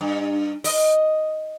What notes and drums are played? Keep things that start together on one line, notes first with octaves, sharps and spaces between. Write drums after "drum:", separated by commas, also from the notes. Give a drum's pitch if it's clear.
G2
D#5, drum: open hi-hat